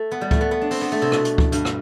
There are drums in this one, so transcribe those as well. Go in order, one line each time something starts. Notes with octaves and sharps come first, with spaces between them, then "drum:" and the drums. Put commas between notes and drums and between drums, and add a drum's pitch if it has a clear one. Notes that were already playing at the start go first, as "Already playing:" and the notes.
Already playing: A3
B3
G3
A3, drum: kick C#2
B3
B3
D4
C4, drum: open hi-hat
B3
A3
C3
B2, drum: rim click
drum: hi-hat
drum: kick C#2
G2, drum: hi-hat
drum: rim click